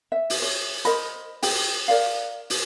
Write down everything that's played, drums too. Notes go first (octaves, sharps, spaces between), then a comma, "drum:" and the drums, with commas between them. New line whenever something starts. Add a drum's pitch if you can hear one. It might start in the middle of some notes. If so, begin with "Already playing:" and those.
E5
drum: open hi-hat
C#5
A#4 C5 D#5 B5, drum: hi-hat
G#4 G5, drum: open hi-hat
A#4 D5 F5
drum: open hi-hat